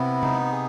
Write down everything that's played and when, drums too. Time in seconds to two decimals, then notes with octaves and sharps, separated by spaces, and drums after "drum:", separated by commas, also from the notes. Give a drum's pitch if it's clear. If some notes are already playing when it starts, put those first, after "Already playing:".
Already playing: C3 B3 E4
0.23 D#4, drum: tom C3
0.52 G#4